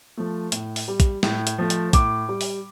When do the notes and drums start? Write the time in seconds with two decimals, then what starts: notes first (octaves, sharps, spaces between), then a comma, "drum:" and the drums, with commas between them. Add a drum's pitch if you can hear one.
0.17 F3 A3
0.52 A2, drum: hi-hat
0.76 drum: open hi-hat
0.88 G3
1.00 drum: kick, hi-hat
1.23 A2, drum: snare
1.47 drum: hi-hat
1.58 F3 A3
1.70 drum: hi-hat
1.93 A2 D6, drum: kick, hi-hat
2.29 G3
2.41 drum: open hi-hat